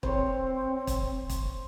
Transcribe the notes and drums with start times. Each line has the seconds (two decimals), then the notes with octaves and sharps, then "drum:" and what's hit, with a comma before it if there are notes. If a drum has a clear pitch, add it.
0.03 C4 C5 C#5, drum: kick
0.87 drum: kick, hi-hat
1.29 drum: kick, hi-hat